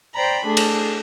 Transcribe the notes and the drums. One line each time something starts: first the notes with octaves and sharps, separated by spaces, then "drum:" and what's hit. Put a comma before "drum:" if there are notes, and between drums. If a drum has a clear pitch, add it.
C5 D5 G5 A#5 B5
A3 D4 G#4 A4
drum: cymbal